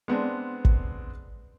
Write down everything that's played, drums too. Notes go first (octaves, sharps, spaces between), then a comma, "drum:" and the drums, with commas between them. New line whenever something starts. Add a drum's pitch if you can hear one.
G#3 B3 C4 D4
drum: kick